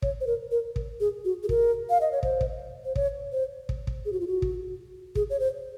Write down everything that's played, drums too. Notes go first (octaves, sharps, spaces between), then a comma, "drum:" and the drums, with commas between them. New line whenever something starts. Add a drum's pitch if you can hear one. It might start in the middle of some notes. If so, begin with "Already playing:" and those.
C#5, drum: kick
C5
A#4
A#4
drum: kick
G#4
F#4
G#4
A#4, drum: kick
F5
D#5
C#5
C5, drum: kick
drum: kick
C5
C#5, drum: kick
C5
drum: kick
drum: kick
G#4
F#4
F4
F#4
drum: kick
G#4, drum: kick
C#5
C5